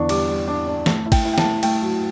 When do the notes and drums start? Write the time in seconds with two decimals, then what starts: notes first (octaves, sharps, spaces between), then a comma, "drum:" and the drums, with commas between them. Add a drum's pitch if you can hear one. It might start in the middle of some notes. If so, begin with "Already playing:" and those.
Already playing: E2 D3 D4 C#6
0.09 G3 D6, drum: cymbal
0.28 G3
0.47 D4 D6
0.67 D4
0.86 A3, drum: snare
1.06 E4
1.12 G5, drum: kick, cymbal
1.25 E4
1.33 G5
1.38 A5, drum: snare
1.44 A3
1.63 A3 G5, drum: cymbal
1.82 F#3